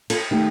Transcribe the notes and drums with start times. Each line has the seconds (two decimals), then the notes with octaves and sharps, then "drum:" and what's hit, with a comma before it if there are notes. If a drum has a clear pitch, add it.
0.10 F4 A4, drum: cymbal
0.31 D#3 A3 C4 D#4 G4